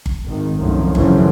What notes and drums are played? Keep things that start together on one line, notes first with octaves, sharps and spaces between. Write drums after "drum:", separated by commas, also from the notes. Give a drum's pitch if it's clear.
drum: kick G1
G#1 D#3
C2 F#2 A2 D#3 F3
F#2 A2 C#3 E3 F3 G3, drum: kick G1